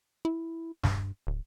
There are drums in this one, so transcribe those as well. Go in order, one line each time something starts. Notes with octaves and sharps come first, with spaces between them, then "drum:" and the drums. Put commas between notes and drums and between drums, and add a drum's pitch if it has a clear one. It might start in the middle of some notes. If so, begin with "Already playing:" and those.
E4
G2, drum: snare
D1